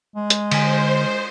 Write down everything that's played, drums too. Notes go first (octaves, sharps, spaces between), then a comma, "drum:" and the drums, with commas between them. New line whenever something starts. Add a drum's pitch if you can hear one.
G#3
drum: hi-hat
D3 C5 G#5, drum: cymbal